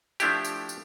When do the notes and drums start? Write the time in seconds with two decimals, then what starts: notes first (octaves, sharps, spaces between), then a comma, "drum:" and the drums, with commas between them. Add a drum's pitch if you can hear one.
0.20 F3 A3 D4 E4 G4, drum: tambourine
0.44 drum: tambourine
0.69 drum: tambourine